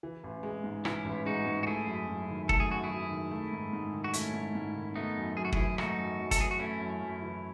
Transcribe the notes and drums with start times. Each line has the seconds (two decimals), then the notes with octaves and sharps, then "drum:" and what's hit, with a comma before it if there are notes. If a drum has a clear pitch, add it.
0.03 E3
0.24 A1
0.43 G#3
0.64 G#2
0.85 E3 C#4 E4, drum: rim click
1.05 A1
1.25 G#3 D#4 F#4
1.46 G#2
1.63 F#4
1.67 A3 E4 G#4
1.87 F#2
2.08 F#2
2.29 D#3
2.49 A3 A4, drum: kick
2.60 G#4
2.70 F#2 F#4
2.84 E4 G#4
2.90 F#2
3.10 D#3
3.31 A3
3.52 G#2
3.73 G#2
3.94 D#3
4.04 F#4
4.13 A3 C#4 E4, drum: hi-hat
4.33 G#2
4.55 G#2
4.76 D#3
4.96 A3 B3 D#4
5.16 F#2
5.37 F#2 G#4
5.45 F#4
5.52 E3 E4 G#4, drum: kick
5.78 A3 D#4 F#4, drum: rim click
5.99 F#2
6.20 F#2
6.31 A4, drum: kick, hi-hat
6.39 E3 G#4
6.51 F#4
6.59 A3 C#4 E4
6.80 F#2
7.02 F#2
7.22 E3